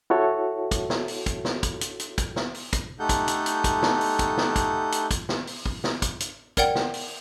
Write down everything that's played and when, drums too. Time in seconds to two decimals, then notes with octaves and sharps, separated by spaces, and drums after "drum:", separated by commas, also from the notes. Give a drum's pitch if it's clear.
0.10 E4 F#4 A4 C#5
0.71 drum: kick, hi-hat
0.90 drum: snare
1.08 drum: open hi-hat
1.26 drum: kick, hi-hat
1.45 drum: snare
1.63 drum: kick, hi-hat
1.81 drum: hi-hat
2.00 drum: hi-hat
2.18 drum: kick, hi-hat
2.36 drum: snare
2.54 drum: open hi-hat
2.73 drum: kick, hi-hat
2.99 A3 D#4 G4 A4 F#5 G6
3.09 drum: kick, hi-hat
3.28 drum: hi-hat
3.46 drum: hi-hat
3.64 drum: kick, hi-hat
3.83 drum: snare
4.01 drum: open hi-hat
4.19 drum: kick, hi-hat
4.37 drum: snare
4.56 drum: kick, hi-hat
4.92 drum: hi-hat
5.11 drum: kick, hi-hat
5.29 drum: snare
5.47 drum: open hi-hat
5.66 drum: kick
5.84 drum: snare
6.02 drum: kick, hi-hat
6.20 drum: hi-hat
6.57 A#4 C#5 D5 F#5 G5, drum: kick, hi-hat
6.75 drum: snare
6.94 drum: open hi-hat